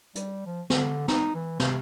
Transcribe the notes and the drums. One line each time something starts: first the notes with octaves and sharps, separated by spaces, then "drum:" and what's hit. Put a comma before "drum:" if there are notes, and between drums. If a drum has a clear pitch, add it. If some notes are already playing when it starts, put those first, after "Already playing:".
G3, drum: hi-hat
F3
D3, drum: snare
D#4, drum: snare
E3
C3, drum: snare